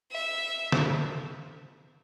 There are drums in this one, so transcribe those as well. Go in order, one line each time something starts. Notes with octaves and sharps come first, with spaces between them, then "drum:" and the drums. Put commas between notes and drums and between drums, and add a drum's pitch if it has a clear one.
E5
drum: snare